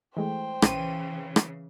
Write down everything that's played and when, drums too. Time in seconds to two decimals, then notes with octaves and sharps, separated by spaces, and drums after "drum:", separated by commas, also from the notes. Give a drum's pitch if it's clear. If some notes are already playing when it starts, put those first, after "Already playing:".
0.17 E3 G#3 A3 C5 G5
0.62 A#1 C#3 E3 D#7, drum: rim click
1.36 drum: rim click